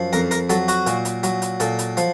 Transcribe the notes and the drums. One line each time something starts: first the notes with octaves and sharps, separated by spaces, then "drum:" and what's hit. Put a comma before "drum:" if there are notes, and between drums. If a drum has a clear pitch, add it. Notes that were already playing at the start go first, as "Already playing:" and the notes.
Already playing: F#2 F3
F2 A#4, drum: hi-hat
A#4, drum: hi-hat
F#3 A4, drum: hi-hat
F#4, drum: hi-hat
A#2, drum: hi-hat
drum: hi-hat
F#3, drum: hi-hat
drum: hi-hat
A#2 A4, drum: hi-hat
drum: hi-hat
F3, drum: hi-hat